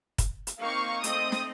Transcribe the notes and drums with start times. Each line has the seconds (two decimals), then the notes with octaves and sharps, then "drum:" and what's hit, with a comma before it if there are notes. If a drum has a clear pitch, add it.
0.18 drum: kick, hi-hat
0.47 drum: hi-hat
0.60 A#3 C4 D#4 F5 C#6
1.04 A3 C4 D#5 D#6, drum: hi-hat
1.32 drum: snare